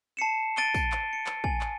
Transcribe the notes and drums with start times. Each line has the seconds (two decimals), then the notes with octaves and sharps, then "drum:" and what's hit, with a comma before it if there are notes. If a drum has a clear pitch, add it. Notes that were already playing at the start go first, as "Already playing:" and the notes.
0.17 A5 C7 C#7 E7
0.57 A6 D7 D#7 G7, drum: clap
0.74 drum: kick, tambourine
0.92 drum: clap
1.13 C#7
1.26 drum: clap
1.44 G#5, drum: kick
1.61 drum: clap